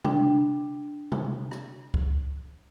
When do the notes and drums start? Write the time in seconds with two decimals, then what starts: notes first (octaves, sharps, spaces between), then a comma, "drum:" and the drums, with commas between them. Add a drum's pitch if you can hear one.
0.04 D4 G5, drum: tom C3
1.12 drum: tom C3
1.51 drum: rim click
1.94 drum: kick C#2